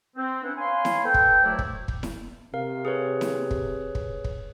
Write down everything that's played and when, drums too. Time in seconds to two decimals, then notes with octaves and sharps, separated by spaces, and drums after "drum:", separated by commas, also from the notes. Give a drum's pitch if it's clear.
0.16 C4
0.43 B3 C#4 D4 E4 C5 F#5
0.58 C#5 F5 G#5 B5 C6
0.85 drum: snare E4
1.04 A4 B4 C5 G5
1.14 drum: kick
1.44 D2 F#3 A3 E4 D5 G5
1.59 drum: kick
1.88 drum: kick
2.03 drum: snare E4
2.54 C3 A#4 F5
2.85 G#4 B4 C#5
3.21 drum: snare E4
3.51 drum: kick
3.95 drum: kick
4.24 drum: kick